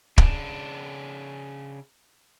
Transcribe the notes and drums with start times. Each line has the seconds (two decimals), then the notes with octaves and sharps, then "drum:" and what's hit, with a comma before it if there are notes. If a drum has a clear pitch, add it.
0.18 C#3 D4, drum: kick